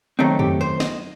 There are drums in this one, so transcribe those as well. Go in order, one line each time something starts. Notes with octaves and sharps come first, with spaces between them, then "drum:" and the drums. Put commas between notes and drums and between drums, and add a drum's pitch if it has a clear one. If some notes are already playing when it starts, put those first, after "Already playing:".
D#3 F#3 A3 C4 D#4
G4, drum: tom F2
C5
D#5, drum: snare